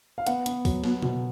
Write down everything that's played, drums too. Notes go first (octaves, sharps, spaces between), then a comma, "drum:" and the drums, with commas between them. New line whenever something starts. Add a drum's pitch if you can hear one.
F5
B3 F#5, drum: hi-hat
B3, drum: hi-hat
F#3, drum: kick, open hi-hat
B3, drum: snare
B2, drum: tom C3